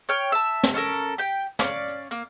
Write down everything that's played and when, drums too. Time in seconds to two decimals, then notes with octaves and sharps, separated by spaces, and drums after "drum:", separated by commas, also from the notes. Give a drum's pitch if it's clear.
0.09 C#5 G5 F6
0.32 E5 A5
0.63 drum: snare
0.74 C#4 D4 A4 A#4
1.18 G4 G5
1.59 C#4 D5 F5, drum: snare
1.88 drum: hi-hat
2.11 A#3